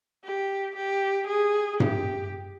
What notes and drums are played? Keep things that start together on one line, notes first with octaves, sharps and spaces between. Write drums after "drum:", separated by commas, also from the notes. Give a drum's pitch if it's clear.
G4
G4
G#4
G4, drum: tom G2